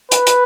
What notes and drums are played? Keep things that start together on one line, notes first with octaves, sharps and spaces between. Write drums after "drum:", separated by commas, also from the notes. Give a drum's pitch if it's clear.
B4, drum: hi-hat
drum: hi-hat